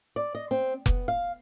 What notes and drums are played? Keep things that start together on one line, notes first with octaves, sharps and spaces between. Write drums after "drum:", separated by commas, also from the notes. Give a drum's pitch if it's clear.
D5
D#5
C4
B3, drum: kick F1
F5